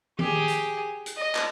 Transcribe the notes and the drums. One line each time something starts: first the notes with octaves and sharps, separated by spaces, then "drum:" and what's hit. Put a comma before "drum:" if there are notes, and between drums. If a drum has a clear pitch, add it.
G4 G#4, drum: tom D#3
drum: hi-hat
drum: hi-hat
D#5
drum: clap